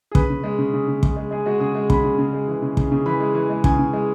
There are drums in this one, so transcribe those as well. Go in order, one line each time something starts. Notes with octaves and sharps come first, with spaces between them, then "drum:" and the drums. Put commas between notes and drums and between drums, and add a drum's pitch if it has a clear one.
G#4
C#3 B4, drum: kick
C#3
G#3
C#3
C#3
C#3
G#3, drum: kick
G#3
G#3 G#4
G#3 F#4
C#3 G#4
G#3
C#3 B5, drum: kick
C#3
C#3
G#3
E3
C#3
C#3, drum: kick
C#3
E3 B5
G#3
E3
G#3
C#3 G#5, drum: kick
C#3
G#3